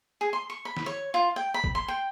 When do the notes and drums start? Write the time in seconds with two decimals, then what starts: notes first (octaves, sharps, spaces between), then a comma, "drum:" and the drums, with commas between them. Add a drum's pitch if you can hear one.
0.21 G#4
0.33 C6
0.50 C#6
0.65 B5
0.77 drum: snare
0.86 C#5
1.14 F4
1.36 G5
1.54 B5
1.64 drum: kick
1.75 C6
1.88 G5